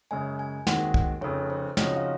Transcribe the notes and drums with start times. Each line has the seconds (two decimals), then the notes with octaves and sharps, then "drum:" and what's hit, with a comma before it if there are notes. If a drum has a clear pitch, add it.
0.11 F#2 C#3 G#3 G#5
0.39 G#5
0.67 D#2 D#3 G#3 C4 F#4 F#5, drum: snare
0.94 drum: kick
1.21 F1 F2 C#3 C#5
1.50 C5
1.77 C#3 F3 C4 D#4 F#4 C#5, drum: snare
1.97 F5